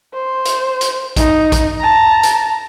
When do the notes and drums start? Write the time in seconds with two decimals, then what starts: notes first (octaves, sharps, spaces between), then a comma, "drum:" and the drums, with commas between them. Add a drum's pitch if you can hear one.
0.14 C5
0.45 drum: hi-hat
0.81 drum: hi-hat
1.16 D#4, drum: kick A#1, hi-hat
1.52 drum: kick A#1, hi-hat
1.81 A5 A#5
2.23 drum: hi-hat